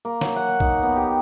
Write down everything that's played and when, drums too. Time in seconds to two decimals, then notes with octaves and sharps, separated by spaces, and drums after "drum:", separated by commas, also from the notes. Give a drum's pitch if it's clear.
0.05 A#3
0.21 F#3, drum: snare
0.36 F#5
0.60 D#4, drum: kick A#1
0.83 B3
0.96 G4